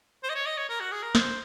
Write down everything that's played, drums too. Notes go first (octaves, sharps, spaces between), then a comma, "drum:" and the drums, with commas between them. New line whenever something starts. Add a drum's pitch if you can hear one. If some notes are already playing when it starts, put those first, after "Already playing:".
C5
D#5
C#5
D#5
C#5
A#4
F#4
G#4
A#4
C5, drum: snare